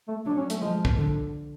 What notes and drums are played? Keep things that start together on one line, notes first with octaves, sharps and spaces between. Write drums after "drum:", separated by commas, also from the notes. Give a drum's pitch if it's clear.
A3
F#3 D4
C#4
A3, drum: hi-hat
F3 G#3
drum: kick B1
D3